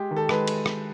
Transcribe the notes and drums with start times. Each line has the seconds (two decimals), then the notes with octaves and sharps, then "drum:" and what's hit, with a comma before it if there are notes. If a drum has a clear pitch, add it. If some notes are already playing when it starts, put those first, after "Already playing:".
Already playing: G#3 G4
0.11 D#3
0.16 A4
0.29 G#3 B4, drum: rim click
0.48 drum: cymbal
0.66 drum: rim click